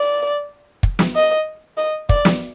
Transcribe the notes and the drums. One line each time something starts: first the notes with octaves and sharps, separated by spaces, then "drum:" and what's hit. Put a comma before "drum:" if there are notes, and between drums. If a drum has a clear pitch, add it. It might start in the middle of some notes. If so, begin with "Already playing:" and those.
Already playing: D5
drum: kick
drum: snare
D#5
D#5
D5, drum: kick
drum: snare